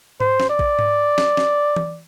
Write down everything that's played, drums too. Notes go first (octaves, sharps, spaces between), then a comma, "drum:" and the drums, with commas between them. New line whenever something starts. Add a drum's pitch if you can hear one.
C5, drum: tom G#2
drum: snare
D5
drum: kick A#1
drum: tom G#2
drum: snare
drum: snare
drum: tom E3